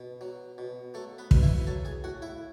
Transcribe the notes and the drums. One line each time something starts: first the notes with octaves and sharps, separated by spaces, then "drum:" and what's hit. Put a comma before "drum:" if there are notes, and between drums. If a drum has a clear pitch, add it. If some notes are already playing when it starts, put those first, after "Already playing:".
Already playing: B2
F#3
B2
F#3 A3 A4
B3 B4
B2, drum: kick
E4 E5
F#3 A4 A5
G#4 G#5
A2 F#4 F#5
E4 E5